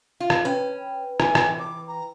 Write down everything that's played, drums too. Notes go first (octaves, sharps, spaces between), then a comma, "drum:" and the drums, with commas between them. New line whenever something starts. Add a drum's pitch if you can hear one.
F4
drum: rim click
C#4 B4 G5
E3 G#5, drum: rim click
drum: rim click
D6
A#5